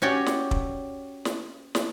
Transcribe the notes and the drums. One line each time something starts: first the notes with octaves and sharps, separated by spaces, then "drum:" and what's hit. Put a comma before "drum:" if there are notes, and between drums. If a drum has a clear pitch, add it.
C#4 F#4 G4 C#5 D5
drum: snare
drum: kick
drum: snare
drum: snare